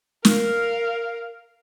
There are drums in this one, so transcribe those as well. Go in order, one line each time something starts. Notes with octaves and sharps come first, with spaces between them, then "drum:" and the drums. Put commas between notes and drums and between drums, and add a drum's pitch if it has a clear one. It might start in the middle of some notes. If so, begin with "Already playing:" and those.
A#4 F5, drum: snare